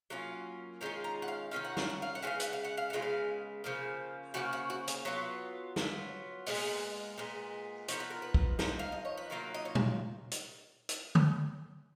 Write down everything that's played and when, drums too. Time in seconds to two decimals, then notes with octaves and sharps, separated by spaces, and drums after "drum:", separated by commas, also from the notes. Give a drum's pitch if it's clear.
0.10 F#3 A#3 C#4 F4
0.81 D#3 G#3 C#4 F4 C#5
1.04 A#5
1.22 F#5
1.28 F5
1.51 D#3 G#3 C#4 F4 F5
1.64 F#5
1.77 F5, drum: snare
1.90 F#5
2.02 F5
2.15 F#5
2.22 C#3 G#3 B3 F4 F5
2.40 F#5, drum: hi-hat
2.53 F5
2.64 F#5
2.77 F5
2.90 F#5
2.93 C#3 G#3 B3 F4
3.02 F5
3.64 C#3 F3 A#3
4.34 C#3 F3 A#3 F#4
4.53 F#4
4.70 F#4
4.88 G#4, drum: hi-hat
5.05 F#3 B3 F4 C#5
5.76 F#3 B3 F4, drum: snare
6.46 A#2 G#3 B3 D#5, drum: open hi-hat
7.18 A#2 G#3 B3
7.88 F3 B3 D#4 C#5, drum: hi-hat
8.00 B4
8.10 A#4
8.22 B4
8.34 drum: kick
8.59 F3 B3 D#4, drum: snare
8.79 F5
8.92 D#5
9.05 C#5
9.17 B4
9.30 D#3 F#3 A#3 F4 A#4
9.54 D#5
9.65 C#5
9.75 drum: tom A#2
10.31 drum: hi-hat
10.89 drum: hi-hat
11.15 drum: tom